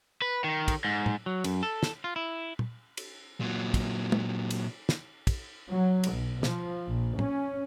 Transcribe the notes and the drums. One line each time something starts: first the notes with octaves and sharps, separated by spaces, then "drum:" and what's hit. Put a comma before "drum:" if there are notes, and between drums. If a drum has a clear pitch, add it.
B4
D#3
drum: kick, cymbal
G#2
drum: tom
F#3
F#2, drum: cymbal
A4
drum: snare
F4
E4
drum: tom
drum: cymbal
A#2 F#3
drum: kick, cymbal
drum: tom
drum: cymbal
drum: snare
drum: kick, cymbal
F#3
drum: cymbal
B1
F3, drum: snare
A#1
C#4, drum: tom